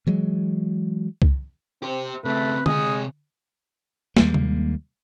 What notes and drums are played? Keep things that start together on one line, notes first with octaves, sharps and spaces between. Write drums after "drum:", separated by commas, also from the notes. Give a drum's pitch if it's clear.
E3 F#3 G#3
drum: kick C2
C4 G4 C5
C#3 A3 C4 B4
C3 G#3 G#5 D#6, drum: tom D3
D#2 G3 G#3 A#3, drum: snare
drum: tom C3